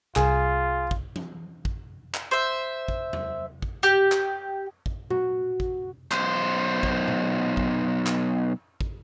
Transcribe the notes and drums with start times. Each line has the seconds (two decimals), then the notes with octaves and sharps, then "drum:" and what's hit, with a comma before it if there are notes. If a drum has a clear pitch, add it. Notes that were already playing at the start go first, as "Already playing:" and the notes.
0.16 C2 F4 G#4, drum: clap
0.91 drum: kick
1.16 drum: tom
1.65 drum: kick
2.14 drum: clap
2.31 C5 E5
2.88 drum: kick
3.13 drum: tom E2
3.62 drum: kick
3.83 G4
4.12 drum: clap
4.86 drum: kick
5.10 F#4, drum: tom A#2
5.60 drum: kick
6.11 B1 C5, drum: clap
6.83 drum: kick
7.08 drum: tom A#2
7.57 drum: kick
8.07 drum: clap
8.81 drum: kick